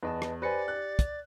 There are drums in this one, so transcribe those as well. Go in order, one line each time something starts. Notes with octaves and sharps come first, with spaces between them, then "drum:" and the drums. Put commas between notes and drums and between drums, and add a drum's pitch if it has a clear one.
E2 B4 D#5 A5
drum: rim click
G4 B4 C5 D5 G#5 A#6 C#7
F#6
drum: kick, hi-hat